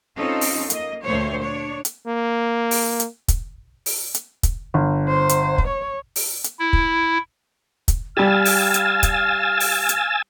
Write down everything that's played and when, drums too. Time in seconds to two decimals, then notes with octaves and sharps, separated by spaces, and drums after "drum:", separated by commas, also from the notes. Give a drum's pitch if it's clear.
0.16 C4 C#4 D#4 F4 A4
0.41 drum: open hi-hat
0.70 A#3 D#5, drum: hi-hat
1.04 D2 A#2 A3 C5 C#5
1.41 D4 C#5
1.85 drum: hi-hat
2.07 A#3
2.71 drum: open hi-hat
3.00 drum: hi-hat
3.28 drum: kick, hi-hat
3.86 drum: open hi-hat
4.15 drum: hi-hat
4.43 drum: kick, hi-hat
4.74 G1
5.09 C5
5.29 drum: hi-hat
5.58 drum: kick
5.67 C#5
6.16 drum: open hi-hat
6.44 drum: hi-hat
6.59 E4
6.73 drum: kick
7.88 drum: kick, hi-hat
8.17 G3 G4 F5 G#5 E6 F6 A6
8.45 drum: open hi-hat
8.74 drum: hi-hat
9.03 drum: kick, hi-hat
9.60 drum: open hi-hat
9.89 drum: hi-hat